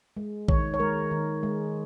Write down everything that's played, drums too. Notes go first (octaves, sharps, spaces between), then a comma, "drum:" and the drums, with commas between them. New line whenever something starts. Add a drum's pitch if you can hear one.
G#3
D#3 C#5, drum: kick A#1
C#5
G#3 A#4
D#3
G#3